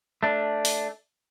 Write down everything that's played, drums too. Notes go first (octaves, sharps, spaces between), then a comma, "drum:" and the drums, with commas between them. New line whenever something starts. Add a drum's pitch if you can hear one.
A3 D4
drum: open hi-hat